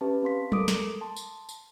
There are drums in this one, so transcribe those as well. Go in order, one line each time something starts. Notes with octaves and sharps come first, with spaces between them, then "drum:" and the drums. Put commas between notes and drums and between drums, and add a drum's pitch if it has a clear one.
C#4 G4 B4 E5 A5
C4 F5 C6 B6
A4 A#4 D6 D#6 D7, drum: tom F#3
drum: snare
A5 C6
drum: tambourine
drum: tambourine